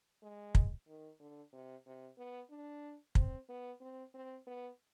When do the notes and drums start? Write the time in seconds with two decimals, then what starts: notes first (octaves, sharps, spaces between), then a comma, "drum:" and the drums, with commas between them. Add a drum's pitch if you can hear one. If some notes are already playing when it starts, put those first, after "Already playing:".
0.23 G#3
0.55 drum: kick
0.87 D#3
1.19 D3
1.53 C3
1.86 C3
2.18 B3
2.50 D4
3.15 C4, drum: kick
3.49 B3
3.81 C4
4.14 C4
4.47 B3